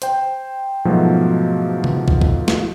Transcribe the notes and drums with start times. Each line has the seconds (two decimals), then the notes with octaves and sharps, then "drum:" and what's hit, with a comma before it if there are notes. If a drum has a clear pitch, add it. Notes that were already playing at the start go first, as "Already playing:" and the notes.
0.02 C5 G5, drum: hi-hat
0.85 G#2 B2 F3 F#3 A3
1.84 drum: tom C3
2.08 drum: kick
2.21 drum: kick
2.48 drum: snare